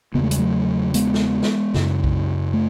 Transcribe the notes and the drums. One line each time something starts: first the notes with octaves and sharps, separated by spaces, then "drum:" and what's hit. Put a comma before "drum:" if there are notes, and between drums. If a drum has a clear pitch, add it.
E2 C#3 B3
A3
G#3, drum: hi-hat
F#3 A3
G#3 B3, drum: hi-hat
drum: snare
drum: snare
F#2 C#3, drum: snare
drum: kick B1
A3